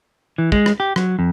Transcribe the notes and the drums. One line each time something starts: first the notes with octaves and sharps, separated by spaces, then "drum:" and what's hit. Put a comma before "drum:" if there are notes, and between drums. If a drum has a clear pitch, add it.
E3
G#3, drum: kick
drum: rim click
G4
F#3, drum: rim click
F2